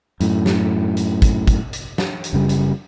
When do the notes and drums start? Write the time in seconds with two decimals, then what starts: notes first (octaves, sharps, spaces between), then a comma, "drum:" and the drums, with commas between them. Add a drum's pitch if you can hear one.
0.20 F#2 A2, drum: hi-hat
0.46 drum: snare
0.97 drum: hi-hat
1.22 drum: kick, hi-hat
1.47 drum: kick, hi-hat
1.73 drum: hi-hat
1.98 drum: snare
2.24 drum: hi-hat
2.33 F#1 C#3 G3
2.49 drum: hi-hat